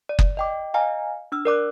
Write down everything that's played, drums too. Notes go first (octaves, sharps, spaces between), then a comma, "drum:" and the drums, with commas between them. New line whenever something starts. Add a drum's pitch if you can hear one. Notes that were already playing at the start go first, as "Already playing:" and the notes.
D5
drum: kick F#1
D#5 G5 D6
D#5 F5 G#5 A#5 F6
D4 E6 F6
A#4 D5 D6 F#6